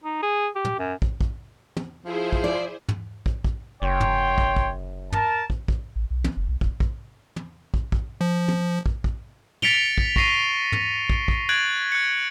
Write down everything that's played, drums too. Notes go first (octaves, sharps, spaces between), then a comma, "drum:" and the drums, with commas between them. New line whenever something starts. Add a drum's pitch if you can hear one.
D#4
G#4
G4
drum: tom
F#2
drum: kick
drum: kick
drum: tom
F3 E4 G#4 C5
drum: kick
D5
drum: tom
drum: kick
drum: kick
F#1 C#5 G5 C6
drum: tom
drum: kick
drum: kick
A#4 A5, drum: tom
drum: kick
drum: kick
A1
B1
drum: tom
F#1
B1
F1, drum: kick
drum: kick
drum: tom
drum: kick
drum: kick
F3
drum: tom
drum: kick
drum: kick
A6 B6 C#7 D7 F7 G7, drum: tom
drum: kick
C#6 A#6 C7 D#7, drum: kick
drum: tom
drum: kick
drum: kick
F#6 G#6 A6 D7 F#7
F#6 C#7